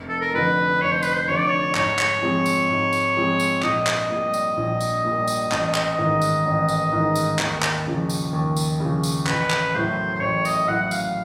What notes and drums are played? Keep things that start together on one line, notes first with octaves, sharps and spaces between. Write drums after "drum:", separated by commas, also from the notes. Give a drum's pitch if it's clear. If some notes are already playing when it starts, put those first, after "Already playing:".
Already playing: F1
A4
A#4
F2 D3 B4
F1 C#5
C5
B4, drum: tambourine
C5
F2 D3 C#5
D5
C#5
G#2 C#5, drum: clap
drum: clap
F3 G#3 C4
drum: tambourine
G#2
drum: tambourine
F3 G#3 C4
drum: tambourine
A#1 D#5, drum: clap
drum: clap
A#2 G3
drum: tambourine
A#1
drum: tambourine
A#2 G3
drum: tambourine
A1, drum: clap
drum: clap
G#2 D#3
drum: tambourine
A1
drum: tambourine
G#2 D#3
drum: tambourine
D#2, drum: clap
drum: clap
C#3 F3
drum: tambourine
D#2
drum: tambourine
C#3 F3
drum: tambourine
A1 B4, drum: clap
drum: clap
A2 F#3 C5
C5
A1 C#5
D#5, drum: tambourine
A2 F#3 F#5
F#5
F5, drum: tambourine